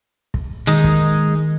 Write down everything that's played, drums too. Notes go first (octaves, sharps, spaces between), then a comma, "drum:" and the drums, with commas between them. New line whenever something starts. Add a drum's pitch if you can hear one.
drum: kick
D#3 G#3 D#4
drum: kick